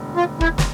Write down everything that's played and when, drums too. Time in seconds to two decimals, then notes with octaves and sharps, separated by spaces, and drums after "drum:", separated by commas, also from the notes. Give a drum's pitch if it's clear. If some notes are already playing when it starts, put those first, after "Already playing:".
Already playing: E1 D2
0.16 F4
0.41 E4, drum: kick
0.58 drum: snare